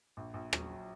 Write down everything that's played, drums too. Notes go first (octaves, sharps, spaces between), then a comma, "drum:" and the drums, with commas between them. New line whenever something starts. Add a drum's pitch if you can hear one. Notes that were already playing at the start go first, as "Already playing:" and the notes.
A#1
A#1
F#3, drum: rim click